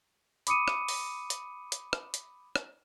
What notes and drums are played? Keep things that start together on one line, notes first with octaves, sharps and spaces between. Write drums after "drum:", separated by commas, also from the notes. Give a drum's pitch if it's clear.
B5 D6 D#6 C#7 D#7, drum: hi-hat
drum: rim click
drum: open hi-hat
drum: hi-hat
drum: hi-hat
drum: rim click
drum: hi-hat
drum: rim click